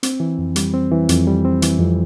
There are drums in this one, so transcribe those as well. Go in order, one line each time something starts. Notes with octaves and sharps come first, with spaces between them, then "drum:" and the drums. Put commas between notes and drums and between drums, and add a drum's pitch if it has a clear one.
C4, drum: hi-hat
E3
F2
G3, drum: hi-hat
C4
E3
F2, drum: hi-hat
G3
C4
E3, drum: hi-hat
F2